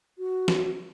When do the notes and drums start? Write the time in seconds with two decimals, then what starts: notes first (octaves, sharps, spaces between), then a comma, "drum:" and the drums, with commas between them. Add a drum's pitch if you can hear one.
0.19 F#4
0.48 drum: snare